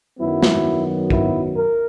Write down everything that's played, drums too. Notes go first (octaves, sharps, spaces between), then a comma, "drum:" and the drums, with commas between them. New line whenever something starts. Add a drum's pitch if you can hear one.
F#2 D#3 F#3 B3 E4
drum: snare
E4, drum: kick
A#4